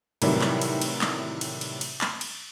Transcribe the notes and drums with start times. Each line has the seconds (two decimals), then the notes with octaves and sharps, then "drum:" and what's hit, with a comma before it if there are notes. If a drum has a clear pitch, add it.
0.22 A2 C3 D#3 E3 F#3 G3, drum: cymbal
0.42 drum: clap
0.61 drum: cymbal
0.81 drum: cymbal
1.01 drum: clap
1.41 drum: cymbal
1.61 drum: cymbal
1.81 drum: cymbal
2.01 drum: clap
2.21 drum: cymbal